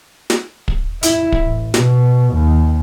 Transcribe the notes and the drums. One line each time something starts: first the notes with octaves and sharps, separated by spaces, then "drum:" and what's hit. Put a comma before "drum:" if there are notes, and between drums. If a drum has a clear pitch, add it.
drum: snare
drum: kick
E4, drum: hi-hat
drum: kick
A1
B2, drum: snare
D#2